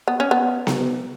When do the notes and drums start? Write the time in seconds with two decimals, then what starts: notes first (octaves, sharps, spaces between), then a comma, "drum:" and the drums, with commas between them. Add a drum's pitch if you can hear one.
0.08 B3
0.20 C#4
0.31 B3
0.67 drum: snare B3